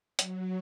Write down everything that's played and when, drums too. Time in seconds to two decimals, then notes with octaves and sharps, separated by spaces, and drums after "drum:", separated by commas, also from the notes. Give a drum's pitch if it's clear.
0.19 F#3, drum: hi-hat